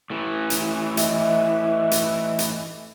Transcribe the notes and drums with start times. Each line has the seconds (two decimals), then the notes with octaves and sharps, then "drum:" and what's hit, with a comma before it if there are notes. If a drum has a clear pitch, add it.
0.10 A2 E3
0.50 drum: hi-hat
0.97 D#5 E5, drum: hi-hat
1.91 drum: hi-hat
2.39 drum: hi-hat